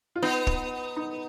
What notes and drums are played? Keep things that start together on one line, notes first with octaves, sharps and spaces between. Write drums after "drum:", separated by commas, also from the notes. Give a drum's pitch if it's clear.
F4
B3 D#4
drum: kick
D#4